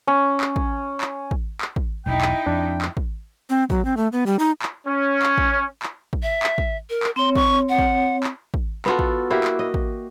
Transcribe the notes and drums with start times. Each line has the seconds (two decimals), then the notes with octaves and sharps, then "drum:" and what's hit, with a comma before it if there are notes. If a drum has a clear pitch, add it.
0.07 C#4
0.41 drum: clap
0.56 drum: kick
1.01 drum: clap
1.31 drum: kick
1.61 drum: clap
1.76 drum: kick
2.06 E1 B1 D#4 E4 G5
2.21 drum: clap
2.46 F2 D4
2.82 drum: clap
2.97 drum: kick
3.50 C4
3.70 F#3, drum: kick
3.85 C4
3.97 A3
4.12 B3
4.26 G3
4.39 D#4
4.62 drum: clap
4.87 C#4
5.23 drum: clap
5.38 drum: kick
5.83 drum: clap
6.13 drum: kick
6.23 E5
6.43 drum: clap
6.58 drum: kick
6.90 A#4
7.03 drum: clap
7.16 C4 C#5 C6
7.35 C#6, drum: kick
7.69 F#5
7.78 drum: kick
8.24 drum: clap
8.54 drum: kick
8.86 B3 F4 F#4 A4, drum: clap
8.99 drum: kick
9.30 A#3 E4 F#4 G4
9.44 drum: clap
9.59 D#5
9.74 drum: kick